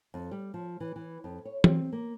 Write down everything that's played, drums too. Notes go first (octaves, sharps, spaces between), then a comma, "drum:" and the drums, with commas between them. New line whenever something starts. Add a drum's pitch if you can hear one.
F2
G3
F3
E3
E3
F2
C#5
C4, drum: tom
A#3